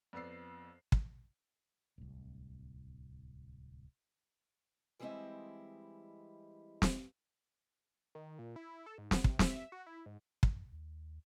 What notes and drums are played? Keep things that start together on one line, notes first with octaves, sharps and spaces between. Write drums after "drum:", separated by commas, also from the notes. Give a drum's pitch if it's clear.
F2 B3 D5 E6 C7
drum: kick
D1 C2
E3 G3 G#3 C4 E4 D#5
drum: snare
D#3
A#2
E4
A4
G#2
B3, drum: snare
C3, drum: kick
E5, drum: snare
F#4
E4
G#2
F#2, drum: kick
D#2